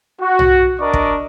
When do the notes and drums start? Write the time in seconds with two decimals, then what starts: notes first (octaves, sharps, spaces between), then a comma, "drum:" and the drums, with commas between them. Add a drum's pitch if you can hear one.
0.21 F#4
0.39 drum: tom
0.80 D4 A#4 D5 D#5 C#6
0.94 drum: kick